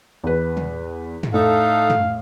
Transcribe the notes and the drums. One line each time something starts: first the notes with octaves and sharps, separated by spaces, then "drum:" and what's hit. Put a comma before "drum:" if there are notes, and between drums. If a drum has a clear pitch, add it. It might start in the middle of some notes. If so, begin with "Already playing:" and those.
E2 B4
drum: tom
drum: tom
A2 A3 D#4 A4 F5
drum: tom